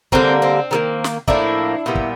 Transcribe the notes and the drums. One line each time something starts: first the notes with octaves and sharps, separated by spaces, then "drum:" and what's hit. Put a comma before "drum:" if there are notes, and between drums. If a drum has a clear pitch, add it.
D3 G3 A#3 C4, drum: kick
C4
D#3 F#3 A#3
drum: snare
A2 F3 A#3 D4 E4, drum: kick
A#2 G3 B3
drum: kick